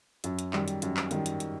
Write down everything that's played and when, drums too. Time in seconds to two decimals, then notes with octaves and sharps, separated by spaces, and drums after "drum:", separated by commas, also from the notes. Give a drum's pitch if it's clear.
0.24 F#2, drum: hi-hat
0.39 drum: hi-hat
0.53 D#3 G3, drum: clap
0.68 drum: hi-hat
0.82 F#2, drum: hi-hat
0.97 drum: clap
1.11 D#3 G3, drum: hi-hat
1.26 drum: hi-hat
1.40 drum: hi-hat